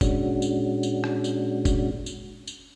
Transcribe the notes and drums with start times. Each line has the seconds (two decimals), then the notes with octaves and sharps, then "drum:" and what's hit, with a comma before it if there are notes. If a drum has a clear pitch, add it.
0.01 A#2 G#3 C#4 D4 F#4, drum: kick, tambourine
0.42 drum: tambourine
0.83 drum: tambourine
1.04 drum: rim click
1.24 drum: tambourine
1.65 drum: kick, tambourine
2.06 drum: tambourine
2.47 drum: tambourine